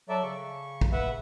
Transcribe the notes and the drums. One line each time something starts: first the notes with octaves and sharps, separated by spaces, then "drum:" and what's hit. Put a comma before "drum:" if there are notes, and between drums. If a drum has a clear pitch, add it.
F#3 A4 D5 E5
C#3 C#6
drum: kick
B4 E5 F#5